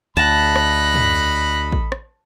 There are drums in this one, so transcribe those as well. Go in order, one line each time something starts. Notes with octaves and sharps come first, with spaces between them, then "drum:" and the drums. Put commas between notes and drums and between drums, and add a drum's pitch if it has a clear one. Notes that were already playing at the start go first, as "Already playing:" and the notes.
D2 A4 D#5 A5 B5 F#6 A#6
drum: rim click
drum: tom
drum: kick A1
drum: rim click